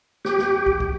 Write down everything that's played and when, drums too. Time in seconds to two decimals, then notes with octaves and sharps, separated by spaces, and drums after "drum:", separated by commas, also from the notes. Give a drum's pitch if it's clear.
0.25 G4, drum: snare
0.39 drum: snare
0.66 drum: kick
0.80 drum: kick